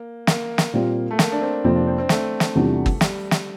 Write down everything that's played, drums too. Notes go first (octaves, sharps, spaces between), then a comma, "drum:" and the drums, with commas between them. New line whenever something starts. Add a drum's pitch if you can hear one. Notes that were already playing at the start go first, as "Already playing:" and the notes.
Already playing: A#3
A#3, drum: snare
drum: snare
A#2 G3 C4 F4
A3
A#3, drum: snare
D4
C4
F2 C3 F3 A#3 C4
D4
C4
C4
A3, drum: snare
drum: snare
E2 C3 G3 D4 F4
drum: kick G1
G3, drum: snare
drum: snare